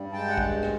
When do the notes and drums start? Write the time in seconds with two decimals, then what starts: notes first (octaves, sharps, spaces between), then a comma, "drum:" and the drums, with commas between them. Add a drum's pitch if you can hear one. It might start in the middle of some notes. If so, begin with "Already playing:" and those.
Already playing: G2 G3
0.12 G#3 G5 A5
0.28 F#5
0.38 drum: kick
0.63 drum: rim click